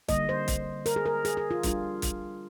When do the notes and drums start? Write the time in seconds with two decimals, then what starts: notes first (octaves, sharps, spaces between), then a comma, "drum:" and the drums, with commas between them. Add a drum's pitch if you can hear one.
0.08 D3 G3 A#3 D#5, drum: kick, hi-hat
0.29 C5
0.48 drum: kick, hi-hat
0.86 A#4, drum: hi-hat
0.96 G#4
1.06 A#4
1.25 G#4, drum: hi-hat
1.37 G#4
1.51 F4
1.63 G3 D4 F4, drum: kick, hi-hat
2.02 drum: kick, hi-hat